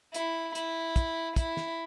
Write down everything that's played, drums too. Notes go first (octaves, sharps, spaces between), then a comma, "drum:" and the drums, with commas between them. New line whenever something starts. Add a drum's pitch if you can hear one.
E4, drum: hi-hat
E4, drum: hi-hat
drum: kick, hi-hat
E4, drum: kick, hi-hat
drum: snare